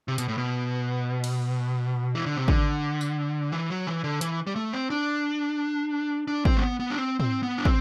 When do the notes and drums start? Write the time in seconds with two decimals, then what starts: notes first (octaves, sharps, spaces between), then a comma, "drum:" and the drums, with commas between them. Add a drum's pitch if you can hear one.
0.08 C3
0.18 B2, drum: hi-hat
0.28 A2
0.38 B2
1.24 drum: cymbal
2.15 E3
2.26 D3
2.37 C3
2.48 D3, drum: kick
3.01 drum: tambourine
3.52 E3
3.70 F#3
3.87 E3
4.04 D3
4.21 E3, drum: hi-hat
4.47 G3
4.56 A3
4.73 C4
4.90 D4
6.28 D4
6.45 C4, drum: kick
6.57 A3
6.62 B3
6.80 B3
6.90 D4
6.97 C4
7.20 C4, drum: tom
7.43 B3
7.58 D4
7.65 C4, drum: kick